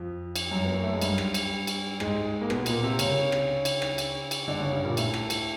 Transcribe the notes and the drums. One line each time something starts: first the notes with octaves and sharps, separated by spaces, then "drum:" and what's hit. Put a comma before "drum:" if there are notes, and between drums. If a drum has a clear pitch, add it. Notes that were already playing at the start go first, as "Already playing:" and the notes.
Already playing: F2 F3
drum: cymbal
F#2 F#3
B3
A#3
A3
G#3
G2 G3, drum: cymbal
drum: rim click
drum: cymbal
drum: cymbal
G#2 G#3, drum: rim click
A#3
B2 B3, drum: rim click
A#2 A#3, drum: cymbal
C3 C4
C#3 C#4, drum: cymbal
drum: rim click
drum: cymbal
drum: rim click
drum: cymbal
drum: cymbal
D3 D4
C#3 C#4
G2 G3
A#2 A#3
A2 A3, drum: cymbal
drum: rim click
drum: cymbal